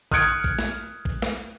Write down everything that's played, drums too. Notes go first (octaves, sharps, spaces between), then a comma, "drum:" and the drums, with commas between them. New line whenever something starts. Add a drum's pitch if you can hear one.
D#6 F6 F#6 G#6 C#7 D7, drum: kick A#1
drum: kick A#1
drum: snare
drum: kick A#1
drum: snare